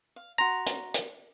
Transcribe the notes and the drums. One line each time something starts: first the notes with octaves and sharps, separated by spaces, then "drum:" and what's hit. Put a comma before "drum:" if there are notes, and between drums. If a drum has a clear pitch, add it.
F5
F#4 A#5 C6
drum: hi-hat
drum: hi-hat